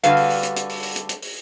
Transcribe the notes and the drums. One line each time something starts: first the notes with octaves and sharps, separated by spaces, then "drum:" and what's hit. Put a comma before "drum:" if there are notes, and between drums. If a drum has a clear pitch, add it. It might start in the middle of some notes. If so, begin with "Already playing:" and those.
D3 G3 F#4 B4 F5, drum: hi-hat
drum: open hi-hat
drum: open hi-hat
drum: hi-hat
drum: hi-hat
drum: open hi-hat
drum: open hi-hat
drum: hi-hat
drum: hi-hat
drum: open hi-hat